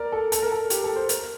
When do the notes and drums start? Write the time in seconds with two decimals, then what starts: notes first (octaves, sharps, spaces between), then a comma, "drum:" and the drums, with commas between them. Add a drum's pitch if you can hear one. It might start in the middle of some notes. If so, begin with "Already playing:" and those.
Already playing: A#4 D5
0.12 A4
0.32 A4, drum: hi-hat
0.42 A#4
0.52 A4
0.70 G4, drum: hi-hat
0.84 A4
0.96 C5
1.09 A#4, drum: hi-hat